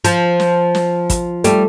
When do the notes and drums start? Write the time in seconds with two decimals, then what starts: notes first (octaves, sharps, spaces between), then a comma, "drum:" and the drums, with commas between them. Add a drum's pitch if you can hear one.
0.05 F3, drum: hi-hat
0.40 drum: snare
0.75 drum: snare
1.10 drum: kick, hi-hat
1.44 G3 A3, drum: hi-hat